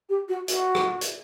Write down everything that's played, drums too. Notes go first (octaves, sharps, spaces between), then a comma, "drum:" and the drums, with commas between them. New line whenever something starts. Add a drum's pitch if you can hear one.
G4
F#4
F#4, drum: hi-hat
drum: rim click
drum: hi-hat